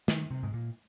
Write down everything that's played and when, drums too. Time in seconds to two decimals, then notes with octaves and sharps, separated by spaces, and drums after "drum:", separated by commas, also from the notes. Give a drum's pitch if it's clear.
0.08 D#3, drum: snare
0.31 C3
0.43 G#2
0.54 A#2